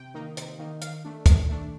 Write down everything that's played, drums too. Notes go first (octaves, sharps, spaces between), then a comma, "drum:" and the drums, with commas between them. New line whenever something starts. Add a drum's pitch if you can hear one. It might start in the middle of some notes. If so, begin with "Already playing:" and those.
Already playing: C3 G5
D#3 A#3 D#4
C3, drum: hi-hat
D#3 A#3 D#4
D#3 F5, drum: hi-hat
A3 D4
D#3, drum: kick, hi-hat
A3 D4